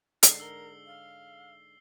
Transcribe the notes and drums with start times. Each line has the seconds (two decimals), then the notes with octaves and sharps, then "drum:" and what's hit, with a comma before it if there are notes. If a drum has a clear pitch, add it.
0.23 G#2 D3 D#4 C7, drum: hi-hat
0.40 A#4 E6 G7
0.86 F5